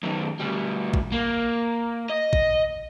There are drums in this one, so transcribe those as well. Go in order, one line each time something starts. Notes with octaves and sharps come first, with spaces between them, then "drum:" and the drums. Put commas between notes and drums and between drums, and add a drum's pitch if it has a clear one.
F#2 D#3
D2 G3
drum: kick A1
A#3
D#5
drum: kick A1